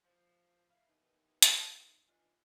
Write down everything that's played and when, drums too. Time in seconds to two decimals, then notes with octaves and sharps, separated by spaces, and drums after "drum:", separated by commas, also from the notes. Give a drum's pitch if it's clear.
0.04 F3
0.69 E4 F5
0.87 D#2 E3 B3 D#4
1.42 drum: hi-hat
2.07 E3 D4 D#4 F4